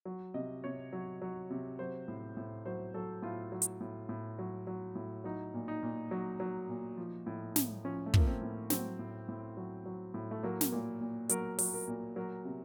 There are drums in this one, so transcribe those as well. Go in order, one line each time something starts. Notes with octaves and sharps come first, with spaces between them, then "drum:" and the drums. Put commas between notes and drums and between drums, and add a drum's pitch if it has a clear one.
F#3
C3 D#5
C3 C#5
F#3
F#3
C3
F#3 C5
A2
A2
F#3 C5
F#3 A4
A2 F4
F#3
drum: hi-hat
A2
A2
F#3
F#3
A2
F#3 D#4
A#2
D#4
A#2
F#3
F#3
A#2
F3
A2
A2, drum: snare
F3 C#4
A3
F3 A#3, drum: kick
C4
A2
F#3 C4, drum: snare
A2
A2
F#3
F#3
A2
A3
F#3 A#3
drum: snare
A#2 A#3
A#2
F#3 A#4, drum: hi-hat
F#3, drum: open hi-hat
A#4
A#2
F#3 A#4
C3